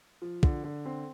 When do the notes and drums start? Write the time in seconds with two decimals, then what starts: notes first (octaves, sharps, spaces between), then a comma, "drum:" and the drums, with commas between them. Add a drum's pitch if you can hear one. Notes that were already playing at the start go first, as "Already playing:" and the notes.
0.22 F3
0.43 D3, drum: kick
0.64 D3
0.85 C4